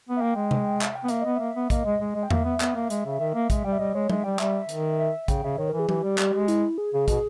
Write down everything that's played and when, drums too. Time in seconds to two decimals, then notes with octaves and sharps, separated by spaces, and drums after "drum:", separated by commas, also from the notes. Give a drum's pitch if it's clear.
0.09 B3
0.16 E5
0.21 A#3 G5
0.36 G#3
0.51 drum: tom C3
0.81 E5, drum: clap
0.95 G5
1.04 B3
1.08 A#3 E5, drum: hi-hat
1.22 B3 D#5
1.36 A#3 E5
1.56 B3
1.70 A#3 D#5, drum: kick, hi-hat
1.85 G#3
2.01 G#3
2.15 G#3
2.23 G5
2.30 A#3 E5, drum: tom E2
2.45 B3
2.60 B3, drum: clap
2.75 A#3
2.90 G#3, drum: hi-hat
3.05 C#3
3.20 D#3 E5
3.35 A#3
3.50 G#3, drum: kick, hi-hat
3.64 G3 G5
3.72 E5
3.79 G3 D#5
3.94 G#3 C#5
4.10 G#3 E5, drum: tom F#3
4.24 G3 G5
4.39 G3 E5, drum: clap
4.69 D#3, drum: hi-hat
4.99 E5
5.28 C#3 G5, drum: kick, hi-hat
5.44 C#3 E5
5.58 D#3 C#5
5.69 E3 A#4
5.79 G#4
5.89 E3 G4, drum: tom F#3
6.04 G3
6.18 G3, drum: clap
6.33 G#3
6.48 E4, drum: hi-hat
6.78 G#4
6.94 C#3 G#4
7.08 B2, drum: kick, hi-hat